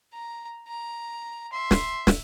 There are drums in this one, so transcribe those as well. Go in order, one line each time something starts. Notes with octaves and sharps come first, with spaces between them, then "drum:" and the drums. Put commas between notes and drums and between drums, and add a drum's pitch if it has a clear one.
A#5
A#5
E5 C6
drum: snare
drum: snare